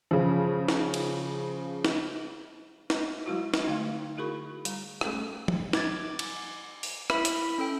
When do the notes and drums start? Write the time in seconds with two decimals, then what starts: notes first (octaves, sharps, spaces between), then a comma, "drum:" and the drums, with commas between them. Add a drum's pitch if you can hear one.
0.11 C#3 F3
0.68 drum: snare
0.94 drum: cymbal
1.85 drum: snare
2.90 drum: snare
3.26 F#3 G#3 E4 F#4
3.54 drum: snare
3.67 D3 A3 D#4 F5
4.17 E4 F#4 G#4 A#4 B5 C#6
4.65 G3 A#5, drum: hi-hat
5.01 G#3 A3 C#4 G#4 A4, drum: rim click
5.48 drum: tom
5.73 D6 G#6 A6, drum: snare
6.19 drum: cymbal
6.83 drum: open hi-hat
7.10 E4 E5 B5, drum: rim click
7.25 drum: hi-hat
7.58 C#4 A4 G5